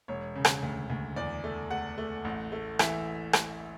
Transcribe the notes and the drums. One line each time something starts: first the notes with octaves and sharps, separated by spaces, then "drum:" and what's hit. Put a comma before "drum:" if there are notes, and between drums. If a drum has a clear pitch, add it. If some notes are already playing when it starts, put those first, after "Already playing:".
E1 C#5
C#3
drum: rim click
D2
D2
E2 D5
A3
A3 F#5
A3
A1
A3
E3 E5, drum: rim click
drum: rim click